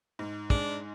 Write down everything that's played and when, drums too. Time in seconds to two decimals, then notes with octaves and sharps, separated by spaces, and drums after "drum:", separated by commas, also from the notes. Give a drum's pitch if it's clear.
0.19 G#2
0.50 G#3 D4, drum: kick